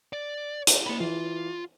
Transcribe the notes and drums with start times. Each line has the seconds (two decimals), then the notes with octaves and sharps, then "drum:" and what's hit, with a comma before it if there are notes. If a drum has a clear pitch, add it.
0.13 D5
0.67 drum: hi-hat
0.87 A#3 B5
1.00 E3 F4